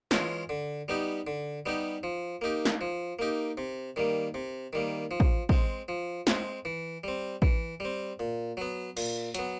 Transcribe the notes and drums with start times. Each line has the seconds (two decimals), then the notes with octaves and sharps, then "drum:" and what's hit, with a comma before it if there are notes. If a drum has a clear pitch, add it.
0.11 E3 G#3 C#4 F4, drum: snare
0.49 D3
0.88 G3 B3 D#4 G4
1.27 D3
1.66 G3 B3 D#4 G4
2.03 F3
2.41 A#3 D#4 G4
2.65 drum: snare
2.81 F3
3.19 A#3 D#4 G4
3.57 C3
3.96 D#3 G3 A#3
4.34 C3
4.73 D#3 G3 A#3
5.11 F3
5.20 drum: kick
5.49 G#3 C4, drum: kick
5.88 F3
6.27 G#3 C4, drum: snare
6.65 E3
7.04 G3 C4
7.42 E3, drum: kick
7.80 G3 C4
8.19 A#2
8.57 F#3 B3
8.97 A#2, drum: cymbal
9.35 F#3 B3, drum: hi-hat